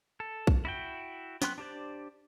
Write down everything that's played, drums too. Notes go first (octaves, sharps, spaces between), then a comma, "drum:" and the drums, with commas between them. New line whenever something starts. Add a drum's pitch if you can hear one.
A4
drum: kick A#1
E4 F#4 G5
F#3 B3 G5 C6 F#6, drum: snare
D4 G4 C5 D5